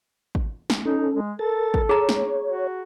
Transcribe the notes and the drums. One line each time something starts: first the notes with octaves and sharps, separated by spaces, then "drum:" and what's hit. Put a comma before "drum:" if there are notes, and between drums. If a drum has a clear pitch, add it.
drum: kick
drum: snare
C#4 D#4 A4
G#3
A4 A#4 A6
drum: kick
G#4 C#5 A#5
drum: snare
F#4